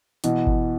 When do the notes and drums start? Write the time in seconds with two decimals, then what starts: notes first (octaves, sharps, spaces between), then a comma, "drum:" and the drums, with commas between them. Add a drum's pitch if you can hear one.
0.24 B2 E3, drum: hi-hat
0.47 drum: kick G1